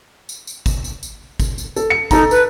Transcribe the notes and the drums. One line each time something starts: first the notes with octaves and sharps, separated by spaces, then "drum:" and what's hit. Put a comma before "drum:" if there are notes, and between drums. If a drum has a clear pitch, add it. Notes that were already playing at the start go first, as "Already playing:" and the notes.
drum: tambourine
drum: tambourine
drum: kick, tambourine
drum: tambourine
drum: tambourine
drum: kick, tambourine
drum: tambourine
A4, drum: tambourine
C#7
D#4 A4 A5 A#5, drum: kick, tambourine
B4, drum: tambourine